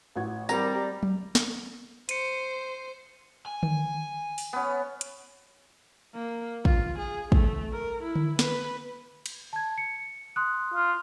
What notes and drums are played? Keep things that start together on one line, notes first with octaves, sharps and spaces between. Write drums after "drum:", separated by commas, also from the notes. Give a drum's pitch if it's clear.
A1 F#4 G#6
G3 C4 G4 A#4 A#5, drum: tambourine
drum: tom F#3
drum: snare
C5 C#7 D#7, drum: hi-hat
G#5
drum: tom D3
drum: open hi-hat
B3 C#4
drum: hi-hat
A#3
F4, drum: kick
G#4
A3, drum: kick
A#4
E4
drum: tom D3
B4, drum: snare
drum: cymbal
A5 G#6
C#7
C6 D#6 F#6
F4